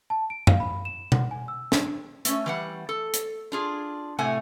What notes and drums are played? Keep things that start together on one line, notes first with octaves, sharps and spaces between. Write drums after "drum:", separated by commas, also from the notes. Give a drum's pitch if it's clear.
A5
D7
F5, drum: tom F#2
B5
E7
F#5, drum: tom B2
G#5
E6
D4, drum: snare
A3 C#4, drum: hi-hat
E3 G3 F#5
A4
drum: hi-hat
D4 F4 G#4
A2 C3 A3 F#5 G#5